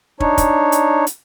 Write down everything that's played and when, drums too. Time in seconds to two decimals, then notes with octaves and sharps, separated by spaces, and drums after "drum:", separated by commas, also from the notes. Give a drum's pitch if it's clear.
0.20 D4 D#4 C#5, drum: kick
0.38 drum: kick, hi-hat
0.72 drum: hi-hat
1.07 drum: hi-hat